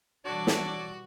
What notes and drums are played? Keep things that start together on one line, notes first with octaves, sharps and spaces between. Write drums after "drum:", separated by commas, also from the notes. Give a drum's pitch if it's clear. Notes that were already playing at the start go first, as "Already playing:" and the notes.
B2 E3 G3 D4 F#4 A4 C#5 D5
drum: snare